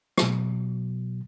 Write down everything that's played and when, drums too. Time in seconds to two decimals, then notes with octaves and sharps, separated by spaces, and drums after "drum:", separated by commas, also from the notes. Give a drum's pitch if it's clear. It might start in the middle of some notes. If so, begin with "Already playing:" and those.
0.18 B2 F#3, drum: rim click